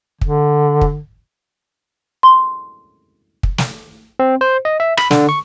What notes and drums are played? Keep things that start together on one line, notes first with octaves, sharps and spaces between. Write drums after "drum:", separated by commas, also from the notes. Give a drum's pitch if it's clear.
D3, drum: kick
drum: kick
C6
drum: kick
drum: snare
C4
C5
D#5
E5
B5, drum: rim click
D3, drum: snare
C#6